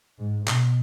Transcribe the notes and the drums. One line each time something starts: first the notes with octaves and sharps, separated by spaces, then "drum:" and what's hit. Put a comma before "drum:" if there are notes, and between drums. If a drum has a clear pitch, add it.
G#2
B2, drum: clap